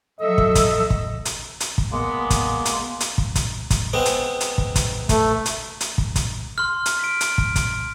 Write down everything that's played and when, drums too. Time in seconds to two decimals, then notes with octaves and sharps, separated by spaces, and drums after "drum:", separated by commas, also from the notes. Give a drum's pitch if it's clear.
0.20 F3 F#3 A4 D#5 E5
0.38 drum: kick
0.55 drum: kick, hi-hat
0.90 drum: kick
1.25 drum: hi-hat
1.60 drum: hi-hat
1.78 drum: kick
1.92 G#3 A#3 B3
2.30 drum: kick, hi-hat
2.65 drum: hi-hat
3.00 drum: hi-hat
3.18 drum: kick
3.35 drum: kick, hi-hat
3.70 drum: kick, hi-hat
3.93 G#3 B3 C4
4.05 drum: hi-hat
4.40 drum: hi-hat
4.58 drum: kick
4.75 drum: kick, hi-hat
5.09 A3, drum: kick, hi-hat
5.45 drum: hi-hat
5.81 drum: hi-hat
5.98 drum: kick
6.16 drum: kick, hi-hat
6.58 C6 F6
6.86 drum: hi-hat
6.99 B6 D7
7.21 drum: hi-hat
7.38 drum: kick
7.56 drum: kick, hi-hat